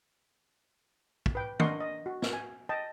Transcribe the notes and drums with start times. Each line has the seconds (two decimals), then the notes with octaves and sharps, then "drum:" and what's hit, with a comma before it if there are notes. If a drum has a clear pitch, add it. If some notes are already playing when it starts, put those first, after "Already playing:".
1.26 drum: kick
1.35 B4 G5
1.60 D4 A#4 D#5 F#5 C6 C#6, drum: tom
1.80 D#5
2.06 F#4
2.22 drum: snare
2.33 G#5
2.69 D#5 G5 A5